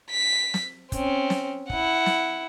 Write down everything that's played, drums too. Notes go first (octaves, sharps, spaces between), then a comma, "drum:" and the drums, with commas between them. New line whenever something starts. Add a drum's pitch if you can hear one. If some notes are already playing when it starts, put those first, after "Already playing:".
B6
drum: snare
C4 C#4, drum: kick, hi-hat
drum: snare
E4 F#5, drum: kick
drum: snare